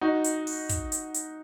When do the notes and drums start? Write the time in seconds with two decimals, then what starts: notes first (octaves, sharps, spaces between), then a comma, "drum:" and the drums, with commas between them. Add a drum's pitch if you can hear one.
0.01 D#4 F#4
0.24 drum: hi-hat
0.47 drum: open hi-hat
0.69 drum: kick, hi-hat
0.92 drum: hi-hat
1.14 drum: hi-hat